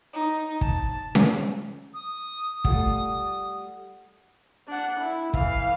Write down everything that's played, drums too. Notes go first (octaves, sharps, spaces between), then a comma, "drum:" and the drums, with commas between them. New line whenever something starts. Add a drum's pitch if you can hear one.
D#4
A5, drum: kick
drum: snare C#4
D#6
G3 A3 F4 F#5, drum: kick
D4 F#5
E4
E3 F5, drum: kick